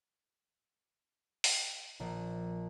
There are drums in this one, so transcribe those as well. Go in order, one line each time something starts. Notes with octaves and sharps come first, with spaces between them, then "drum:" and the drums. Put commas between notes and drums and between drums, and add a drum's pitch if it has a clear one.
drum: open hi-hat
A#1